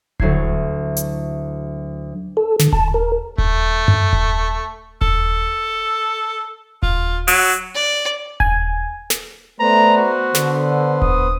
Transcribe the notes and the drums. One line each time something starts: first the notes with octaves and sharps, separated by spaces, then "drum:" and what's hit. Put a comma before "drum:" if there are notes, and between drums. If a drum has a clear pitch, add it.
D2 F#3 E4 G#6 C7, drum: kick D#1
drum: hi-hat
A4
D3, drum: snare
A5, drum: kick D#1
A#4
A3, drum: kick D#1
drum: tom F#2
drum: kick D#1
A4, drum: kick D#1
F4, drum: kick D#1
F#3, drum: open hi-hat
D5
G#5, drum: kick D#1
drum: snare
A3 B3 B4 C5 D5 A#5
F#4
D3, drum: snare
D#6, drum: kick D#1